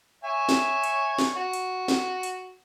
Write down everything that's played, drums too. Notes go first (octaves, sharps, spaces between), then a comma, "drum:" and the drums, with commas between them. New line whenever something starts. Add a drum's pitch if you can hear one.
C#5 E5 G#5
drum: snare
drum: hi-hat
drum: snare
F#4
drum: hi-hat
drum: snare
drum: hi-hat